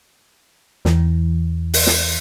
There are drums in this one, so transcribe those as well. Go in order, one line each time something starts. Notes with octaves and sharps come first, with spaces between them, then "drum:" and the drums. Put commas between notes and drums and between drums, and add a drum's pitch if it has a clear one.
E2 E3, drum: snare
drum: open hi-hat
drum: snare